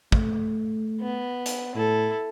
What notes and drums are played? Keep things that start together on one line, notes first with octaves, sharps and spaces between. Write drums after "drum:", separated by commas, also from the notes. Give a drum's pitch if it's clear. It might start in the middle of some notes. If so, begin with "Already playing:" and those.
A3, drum: kick
B3
drum: hi-hat
A2 E4 A4